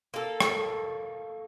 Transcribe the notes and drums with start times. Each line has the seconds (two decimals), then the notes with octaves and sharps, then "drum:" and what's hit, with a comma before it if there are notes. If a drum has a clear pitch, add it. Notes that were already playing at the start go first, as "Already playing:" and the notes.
0.14 A#3 A4
0.40 drum: rim click